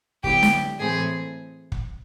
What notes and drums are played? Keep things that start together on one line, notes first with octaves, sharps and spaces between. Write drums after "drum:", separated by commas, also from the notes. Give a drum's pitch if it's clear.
D3 F#3 B3 E4 G4 G5, drum: kick
drum: snare
A2 E3 A3 C4 G#4 G#5
drum: kick